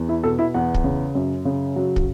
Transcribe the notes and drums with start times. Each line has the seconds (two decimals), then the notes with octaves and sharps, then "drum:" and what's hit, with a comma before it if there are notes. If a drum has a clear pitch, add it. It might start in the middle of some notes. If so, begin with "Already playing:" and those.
Already playing: E2
0.09 E4
0.24 B2 A4
0.39 E4
0.54 E2 F#5
0.74 drum: kick
0.84 C#3
1.15 F#2
1.45 C#3
1.76 F#3
1.96 drum: kick